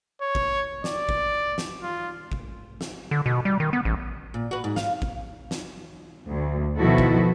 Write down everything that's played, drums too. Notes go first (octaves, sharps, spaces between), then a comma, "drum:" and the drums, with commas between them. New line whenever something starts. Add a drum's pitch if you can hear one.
C#5
drum: kick
D5, drum: snare
drum: kick
drum: snare
F4
drum: kick
drum: snare
D3
B2
G3
D#3
B3
A1
A#2
F#4 B4
G#2
F5, drum: snare
drum: kick
drum: snare
D2
B2 D#3 F3 E4 F#4 A4
drum: kick